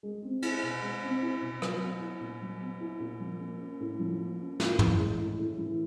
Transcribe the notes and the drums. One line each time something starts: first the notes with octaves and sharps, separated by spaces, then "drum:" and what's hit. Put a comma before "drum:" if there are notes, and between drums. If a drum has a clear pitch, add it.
G#3
C4
E4, drum: cymbal
B2
G#3
C4
E4
B2
F#3, drum: rim click
B3
E4
A#2
F#3
B3
E4
A#2
F3
A#3
C#4
A2
F3
A#3
C#4
A2, drum: snare
E3, drum: tom
G#3
A2
A2
E3